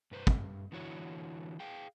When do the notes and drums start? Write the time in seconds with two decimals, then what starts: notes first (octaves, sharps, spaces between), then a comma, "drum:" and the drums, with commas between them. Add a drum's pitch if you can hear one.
0.11 G2 B4 C5
0.27 G2, drum: kick
0.72 D3 E3 E4 F#4 C#5
1.60 G#4 F5 G5